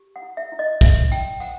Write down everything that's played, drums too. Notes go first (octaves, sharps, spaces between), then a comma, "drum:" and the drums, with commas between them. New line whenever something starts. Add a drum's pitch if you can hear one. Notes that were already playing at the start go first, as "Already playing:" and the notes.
Already playing: G4
F#5
E4
E5
E4
D#5
E4 E5, drum: kick, tambourine
E4 G5, drum: tambourine
C5 F#5, drum: tambourine